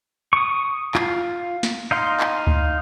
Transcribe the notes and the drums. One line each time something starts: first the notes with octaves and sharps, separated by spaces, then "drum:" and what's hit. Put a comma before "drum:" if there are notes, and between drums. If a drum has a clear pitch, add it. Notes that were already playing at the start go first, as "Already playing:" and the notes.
C#6 D#6
F4 F5, drum: clap
drum: snare
D#4 F5 C6
drum: clap
drum: kick D2